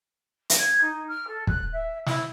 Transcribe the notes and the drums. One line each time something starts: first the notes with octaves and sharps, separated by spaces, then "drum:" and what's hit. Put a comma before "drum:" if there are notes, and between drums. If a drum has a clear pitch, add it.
drum: hi-hat
G#6
D#4
F6
A4
F#6, drum: kick
E5
E4, drum: snare